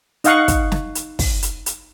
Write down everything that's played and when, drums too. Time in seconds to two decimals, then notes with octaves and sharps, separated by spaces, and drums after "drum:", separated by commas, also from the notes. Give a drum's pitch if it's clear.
0.24 D#4 D#5 F5 F#5 C#6, drum: hi-hat
0.48 drum: kick, hi-hat
0.72 drum: snare
0.95 drum: hi-hat
1.19 drum: kick, open hi-hat
1.43 drum: hi-hat
1.66 drum: hi-hat